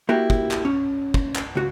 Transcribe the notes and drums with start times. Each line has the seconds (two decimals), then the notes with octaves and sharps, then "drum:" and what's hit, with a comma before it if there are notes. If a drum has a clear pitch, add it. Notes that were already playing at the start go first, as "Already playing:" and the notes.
0.09 A#3 E4 F#4 G4
0.30 drum: kick
0.51 drum: clap
0.65 C#4
1.14 drum: kick
1.35 drum: clap
1.55 C#2 F#4